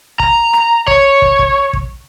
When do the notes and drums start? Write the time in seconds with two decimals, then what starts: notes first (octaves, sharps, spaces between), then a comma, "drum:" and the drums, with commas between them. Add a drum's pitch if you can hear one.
0.20 A#5, drum: kick
0.53 drum: rim click
0.88 C#5, drum: kick
1.22 drum: kick
1.39 drum: kick
1.73 drum: kick